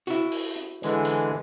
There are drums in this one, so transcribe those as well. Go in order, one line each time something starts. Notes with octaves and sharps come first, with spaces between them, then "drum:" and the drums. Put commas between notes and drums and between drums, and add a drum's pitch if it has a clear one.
E4 F#4, drum: hi-hat
drum: open hi-hat
drum: hi-hat
D3 E3 G#3, drum: hi-hat
drum: hi-hat